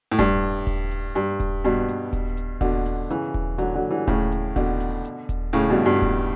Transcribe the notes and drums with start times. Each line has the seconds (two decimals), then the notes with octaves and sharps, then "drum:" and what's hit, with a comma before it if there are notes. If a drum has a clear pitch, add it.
0.12 A2
0.19 G2, drum: kick D#1, hi-hat
0.42 drum: hi-hat
0.67 drum: kick D#1, open hi-hat
0.91 drum: open hi-hat
1.15 G2, drum: hi-hat
1.40 drum: kick D#1, hi-hat
1.64 G2 B2, drum: hi-hat
1.88 drum: hi-hat
2.13 drum: kick D#1, hi-hat
2.37 drum: hi-hat
2.61 B2 D3, drum: kick D#1, open hi-hat
2.86 drum: open hi-hat
3.10 C#3 E3, drum: hi-hat
3.34 drum: kick D#1
3.58 D3 F#3, drum: hi-hat
3.75 D3 F#3
3.91 E3 G3
4.07 A2 C#3, drum: kick D#1, hi-hat
4.32 drum: hi-hat
4.56 B2 D3, drum: kick D#1, open hi-hat
4.80 drum: open hi-hat
5.05 drum: hi-hat
5.29 drum: kick D#1, hi-hat
5.53 A2 C#3, drum: hi-hat
5.70 G2 B2
5.86 G2 B2
6.02 drum: kick D#1, hi-hat